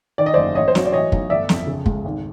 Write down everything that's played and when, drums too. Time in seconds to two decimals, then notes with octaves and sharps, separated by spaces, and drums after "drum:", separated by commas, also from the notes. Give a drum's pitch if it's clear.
0.18 D#3 D5
0.26 D#5
0.34 F#1 C5 D5
0.55 A1 C#5 D#5
0.68 C5
0.75 F#3 C#5, drum: snare
0.85 D5
0.92 E3 C#5 D#5
1.12 B1, drum: kick
1.30 G1 D5 E5
1.49 F2, drum: snare
1.67 C#3
1.86 C#2, drum: kick
2.05 G#1